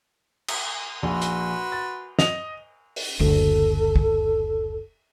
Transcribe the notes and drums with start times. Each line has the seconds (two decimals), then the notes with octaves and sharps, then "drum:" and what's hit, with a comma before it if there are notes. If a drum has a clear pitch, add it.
0.48 drum: cymbal
1.03 A#1 F#4 B4 C6
1.22 drum: hi-hat
1.72 A6
2.19 D#5 F7, drum: snare
2.96 drum: open hi-hat
3.20 F#1 D2 A4
3.96 drum: kick